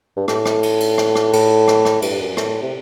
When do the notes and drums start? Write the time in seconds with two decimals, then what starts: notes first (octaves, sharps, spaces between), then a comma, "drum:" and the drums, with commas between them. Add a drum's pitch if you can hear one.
0.17 G2
0.28 A2, drum: rim click
0.45 drum: rim click
0.63 drum: cymbal
0.80 drum: cymbal
0.98 drum: rim click
1.15 drum: rim click
1.33 A2, drum: cymbal
1.68 drum: rim click
1.85 drum: rim click
2.02 G2, drum: cymbal
2.21 F#2
2.37 A2, drum: rim click
2.62 C3